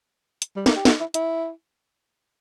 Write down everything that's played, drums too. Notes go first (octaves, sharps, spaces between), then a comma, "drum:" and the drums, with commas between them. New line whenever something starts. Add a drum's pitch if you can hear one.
drum: hi-hat
G3
A#3, drum: snare
G4
F#4, drum: snare
E4
E4, drum: hi-hat